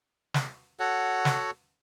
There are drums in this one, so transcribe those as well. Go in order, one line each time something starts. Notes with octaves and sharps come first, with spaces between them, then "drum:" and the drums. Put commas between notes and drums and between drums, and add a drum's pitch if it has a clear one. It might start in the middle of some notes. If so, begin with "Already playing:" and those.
drum: snare
F#4 A4 C#5 F#5
drum: snare